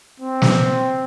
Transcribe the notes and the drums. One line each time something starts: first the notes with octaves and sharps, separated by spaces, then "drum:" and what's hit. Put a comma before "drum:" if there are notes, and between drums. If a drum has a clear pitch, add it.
C4
drum: snare